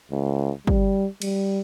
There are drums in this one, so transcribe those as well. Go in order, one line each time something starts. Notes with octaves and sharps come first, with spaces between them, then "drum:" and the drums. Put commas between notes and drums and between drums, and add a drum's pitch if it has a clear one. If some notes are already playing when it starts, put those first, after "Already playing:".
C#2
G3, drum: kick
G3, drum: cymbal